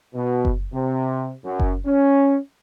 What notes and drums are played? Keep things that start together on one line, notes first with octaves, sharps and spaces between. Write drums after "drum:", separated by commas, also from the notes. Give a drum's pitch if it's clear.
B2
drum: kick F#1
C3
F#2
drum: kick F#1
C#4